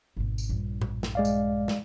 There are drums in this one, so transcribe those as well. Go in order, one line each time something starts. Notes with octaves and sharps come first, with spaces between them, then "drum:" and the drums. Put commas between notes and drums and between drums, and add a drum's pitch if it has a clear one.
G#1 B2
drum: tambourine
A#1 G2
drum: tom A2
drum: snare
G#3 D5 F5
drum: tambourine
drum: snare